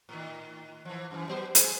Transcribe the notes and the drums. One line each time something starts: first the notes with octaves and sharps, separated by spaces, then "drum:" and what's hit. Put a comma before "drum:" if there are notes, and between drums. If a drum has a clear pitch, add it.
A2 D#3
E3 F3
F#2 E3
F#3 B3 C5
G#4 C5, drum: hi-hat